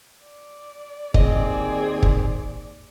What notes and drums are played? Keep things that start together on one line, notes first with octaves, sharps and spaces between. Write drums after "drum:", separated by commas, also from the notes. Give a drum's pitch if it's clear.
D5
D#2 C4 G#4 D#5, drum: kick
drum: kick